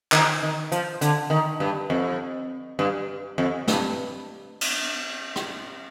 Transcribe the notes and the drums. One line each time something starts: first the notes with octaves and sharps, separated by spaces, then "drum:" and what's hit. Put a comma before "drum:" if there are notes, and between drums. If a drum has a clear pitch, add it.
D#3, drum: clap
D#3
F3, drum: hi-hat
D3, drum: hi-hat
D#3
G2
F2
G2
F2
G2, drum: snare
drum: cymbal
drum: rim click